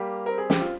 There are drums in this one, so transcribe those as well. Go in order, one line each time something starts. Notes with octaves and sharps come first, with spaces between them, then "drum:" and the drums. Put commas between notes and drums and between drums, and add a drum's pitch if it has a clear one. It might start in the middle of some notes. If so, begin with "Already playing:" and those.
Already playing: G3 A#3 G4
C4 A#4
G#4
G4, drum: snare
F4